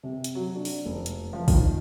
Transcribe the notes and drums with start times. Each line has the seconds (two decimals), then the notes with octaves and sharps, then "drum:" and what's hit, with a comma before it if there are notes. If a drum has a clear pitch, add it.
0.03 C3
0.24 drum: hi-hat
0.35 F#3
0.56 D4
0.65 drum: open hi-hat
0.86 F1
1.06 drum: hi-hat
1.33 F3
1.48 D#3, drum: kick, open hi-hat